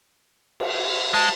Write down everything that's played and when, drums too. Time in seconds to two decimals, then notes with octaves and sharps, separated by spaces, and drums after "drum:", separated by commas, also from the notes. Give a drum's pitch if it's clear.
0.60 drum: cymbal
1.14 G#3 A5